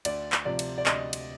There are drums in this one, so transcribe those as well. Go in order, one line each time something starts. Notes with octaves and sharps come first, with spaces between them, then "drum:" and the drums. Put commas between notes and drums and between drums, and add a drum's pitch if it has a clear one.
D2 D5, drum: cymbal
drum: clap
C3 F3 D5
drum: cymbal
D5
D2 D#5, drum: clap
drum: cymbal